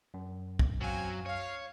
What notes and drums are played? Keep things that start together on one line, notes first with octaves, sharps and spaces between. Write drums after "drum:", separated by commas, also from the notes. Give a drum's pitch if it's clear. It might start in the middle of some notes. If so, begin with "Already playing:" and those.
F#2
drum: kick
F#3 C4 F5 G#5
C#5 F5